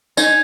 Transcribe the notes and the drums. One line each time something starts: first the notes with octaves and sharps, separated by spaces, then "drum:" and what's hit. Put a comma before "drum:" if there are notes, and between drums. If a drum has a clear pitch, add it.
D#4 G#5, drum: tambourine